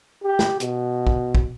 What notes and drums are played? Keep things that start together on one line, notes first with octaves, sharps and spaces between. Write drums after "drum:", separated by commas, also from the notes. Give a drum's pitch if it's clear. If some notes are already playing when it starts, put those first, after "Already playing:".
G4
drum: snare
B2, drum: hi-hat
drum: kick
drum: kick